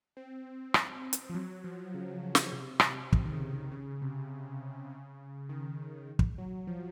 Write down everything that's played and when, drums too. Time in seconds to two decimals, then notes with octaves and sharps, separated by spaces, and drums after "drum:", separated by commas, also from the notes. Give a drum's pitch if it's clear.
0.17 C4
0.74 drum: rim click
1.13 drum: hi-hat
1.30 F3
1.35 F#3
1.64 F3
1.94 C#3
2.35 drum: snare
2.53 C3
2.80 drum: rim click
3.13 C3, drum: kick
3.25 D#3
3.33 C#3
3.52 D#3
3.71 C#3
4.02 C3
4.90 C#3
5.49 D#3
6.19 drum: kick
6.38 F#3
6.67 F3